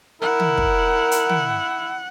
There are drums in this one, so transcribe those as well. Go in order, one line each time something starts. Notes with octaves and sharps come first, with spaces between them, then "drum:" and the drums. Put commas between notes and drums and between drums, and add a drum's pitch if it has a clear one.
E4 A#4 F#5
drum: tom
drum: kick
drum: hi-hat
drum: tom